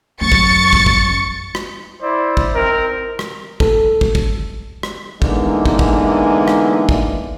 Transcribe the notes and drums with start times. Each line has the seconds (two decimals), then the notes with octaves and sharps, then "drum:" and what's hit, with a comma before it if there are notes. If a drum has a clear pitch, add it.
0.21 F#2 C#6 A6 C#7
0.32 drum: kick
0.73 drum: kick
0.86 drum: kick
1.55 drum: rim click
2.02 E4 C5 D5
2.37 drum: kick
2.54 C4 D#4 A#4
3.19 drum: rim click
3.60 A4, drum: kick
4.01 drum: kick
4.15 drum: kick
4.83 drum: rim click
5.22 D3 E3 G#3 A#3 B3 D#4, drum: kick
5.66 drum: kick
5.79 drum: kick
6.48 drum: rim click
6.89 drum: kick